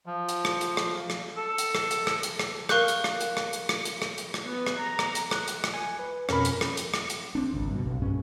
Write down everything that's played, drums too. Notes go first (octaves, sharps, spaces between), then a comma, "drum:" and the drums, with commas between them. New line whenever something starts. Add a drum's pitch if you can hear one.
F3
drum: hi-hat
drum: rim click
drum: hi-hat
drum: rim click
drum: rim click
A4
drum: hi-hat
drum: rim click
drum: hi-hat
drum: rim click
drum: hi-hat
drum: rim click
A#4 F5 C#6 F#6 G6, drum: rim click
drum: hi-hat
drum: rim click
drum: hi-hat
drum: rim click
drum: hi-hat
drum: rim click
drum: hi-hat
drum: rim click
drum: hi-hat
drum: rim click
B3
drum: rim click
A#5
drum: rim click
drum: hi-hat
F#6, drum: rim click
drum: hi-hat
drum: rim click
G#5
B4
F2 B2 F3 C#4 A#4 B5, drum: rim click
drum: hi-hat
drum: rim click
drum: hi-hat
drum: rim click
drum: hi-hat
C4 D4
G#1 C#2
G2 B2
B1
G2 A#2 C#4